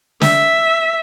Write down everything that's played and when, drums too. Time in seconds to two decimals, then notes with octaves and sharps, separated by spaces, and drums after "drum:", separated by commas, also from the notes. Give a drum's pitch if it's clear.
0.21 E5, drum: snare